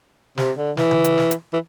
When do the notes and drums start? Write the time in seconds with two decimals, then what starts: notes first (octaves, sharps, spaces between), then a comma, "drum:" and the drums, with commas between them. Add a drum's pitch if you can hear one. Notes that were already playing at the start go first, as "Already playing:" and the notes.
0.38 C3, drum: snare
0.57 D3
0.77 E3, drum: snare
0.91 drum: tom C#3
1.04 drum: hi-hat
1.18 drum: snare
1.31 drum: hi-hat
1.53 E3